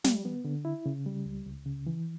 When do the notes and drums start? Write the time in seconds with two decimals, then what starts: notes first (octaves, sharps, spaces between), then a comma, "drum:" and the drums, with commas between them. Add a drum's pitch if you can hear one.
0.04 G3, drum: snare
0.25 B3
0.45 D3
0.65 E4
0.86 C#3
1.06 G3
1.26 C#2
1.46 C#2
1.66 C#3
1.87 E3